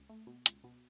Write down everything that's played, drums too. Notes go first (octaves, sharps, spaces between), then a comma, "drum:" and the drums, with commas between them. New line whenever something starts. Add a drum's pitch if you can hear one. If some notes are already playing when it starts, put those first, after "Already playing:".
Already playing: C#2
A3
B2
C#2, drum: hi-hat
B2